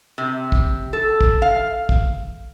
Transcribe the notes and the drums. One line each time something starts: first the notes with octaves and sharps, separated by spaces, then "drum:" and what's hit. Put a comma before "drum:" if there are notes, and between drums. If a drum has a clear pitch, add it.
C3
drum: kick
A4
drum: kick
F5
drum: kick